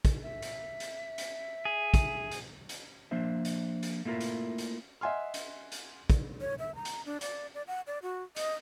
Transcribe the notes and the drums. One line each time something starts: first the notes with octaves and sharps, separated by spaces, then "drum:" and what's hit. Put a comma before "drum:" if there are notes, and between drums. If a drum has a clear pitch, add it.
drum: kick, hi-hat
E5
drum: hi-hat
drum: hi-hat
drum: hi-hat
G#4
drum: kick, hi-hat
drum: hi-hat
drum: hi-hat
F3 A#3 D4 C5 E5
drum: hi-hat
drum: hi-hat
A3 A#3 E4 F4 A#4
drum: hi-hat
drum: hi-hat
D#5 E5 F#5 G#5 C6 F6
drum: hi-hat
drum: hi-hat
drum: kick, hi-hat
C#5
E5
A#5
drum: hi-hat
D4
D5, drum: hi-hat
D5
F#5
D5
F#4
D#5, drum: hi-hat